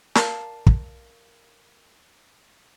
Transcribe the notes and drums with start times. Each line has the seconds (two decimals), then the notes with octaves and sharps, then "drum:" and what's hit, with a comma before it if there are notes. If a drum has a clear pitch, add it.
0.15 A#4 D5 F5 A5, drum: snare
0.67 drum: kick